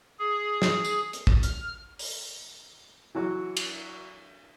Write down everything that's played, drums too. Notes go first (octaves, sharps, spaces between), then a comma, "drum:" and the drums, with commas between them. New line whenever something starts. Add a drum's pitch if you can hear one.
G#4
drum: snare
drum: tambourine
drum: hi-hat
drum: kick
F6, drum: hi-hat
drum: open hi-hat
E3 F#3 F#4
drum: cymbal